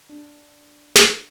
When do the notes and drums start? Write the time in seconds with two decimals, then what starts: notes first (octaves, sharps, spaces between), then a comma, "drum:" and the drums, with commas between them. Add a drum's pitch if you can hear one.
0.09 D4
0.96 drum: snare